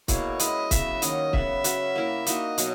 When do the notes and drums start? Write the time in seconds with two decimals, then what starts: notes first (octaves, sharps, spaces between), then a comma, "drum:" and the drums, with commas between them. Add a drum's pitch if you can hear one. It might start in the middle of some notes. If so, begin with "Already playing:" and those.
0.08 B2 A#3 E4 G#4 C#5, drum: kick C#1, hi-hat
0.39 G#3 C#4 E4 B4 D#5, drum: hi-hat
0.71 C#3 F#3 B3 F#4 E5, drum: kick C#1, hi-hat
1.02 D#3 F#3 A#3 C#4 D#5, drum: hi-hat
1.33 C#3 F#3 B3 E5, drum: kick C#1
1.64 F#3 C#4 F#4 B4, drum: hi-hat
1.96 A#3 E4 A#4
2.26 A#3 D#4 F#4 D#5, drum: hi-hat
2.58 B2 F#3, drum: hi-hat